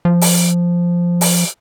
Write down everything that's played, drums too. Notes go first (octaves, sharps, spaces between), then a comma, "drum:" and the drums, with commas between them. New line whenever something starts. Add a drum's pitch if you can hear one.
F3
drum: open hi-hat
drum: open hi-hat